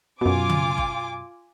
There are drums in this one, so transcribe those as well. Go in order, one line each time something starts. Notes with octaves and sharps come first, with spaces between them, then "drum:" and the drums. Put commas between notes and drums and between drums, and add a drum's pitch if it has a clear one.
F#2 B2 F4 G#5 D6
drum: tom C#3
drum: kick F#1